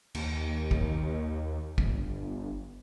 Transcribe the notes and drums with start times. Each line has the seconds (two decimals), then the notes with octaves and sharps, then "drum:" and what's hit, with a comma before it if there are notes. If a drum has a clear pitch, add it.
0.15 D#2, drum: cymbal
0.71 drum: kick
1.78 G1, drum: kick